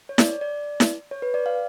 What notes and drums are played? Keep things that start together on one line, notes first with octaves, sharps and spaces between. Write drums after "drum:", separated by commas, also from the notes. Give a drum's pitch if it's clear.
C#5
D5, drum: snare E4
D5
drum: snare E4
C#5
B4
D5
F5